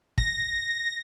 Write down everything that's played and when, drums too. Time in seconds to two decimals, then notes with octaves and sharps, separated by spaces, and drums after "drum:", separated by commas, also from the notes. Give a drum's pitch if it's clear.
0.18 A#6, drum: kick